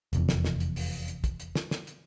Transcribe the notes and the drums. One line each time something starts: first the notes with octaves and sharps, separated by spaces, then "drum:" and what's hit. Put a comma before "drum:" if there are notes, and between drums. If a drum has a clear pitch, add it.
F1 E2, drum: hi-hat
drum: snare
drum: snare
drum: hi-hat
drum: open hi-hat
drum: hi-hat
drum: kick, hi-hat
drum: hi-hat
drum: snare
drum: snare
drum: hi-hat